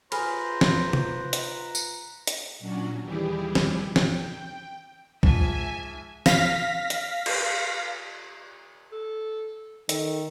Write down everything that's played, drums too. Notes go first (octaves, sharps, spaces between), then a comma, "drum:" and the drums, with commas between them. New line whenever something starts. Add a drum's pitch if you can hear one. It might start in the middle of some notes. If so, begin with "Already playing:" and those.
F4 G#4 B4 C5 A#5 B5 F6, drum: cymbal
drum: snare
drum: tom
drum: hi-hat
drum: tambourine
drum: hi-hat
A#2 F#3 C#4 D4 F#4
D#2 E3 G3 E4 G4 G#4
drum: snare
G5, drum: snare
G#2 F3 E5 G#5, drum: kick B1
F5 A#6 B6, drum: snare
drum: hi-hat
drum: cymbal
A4
D#3 A4, drum: hi-hat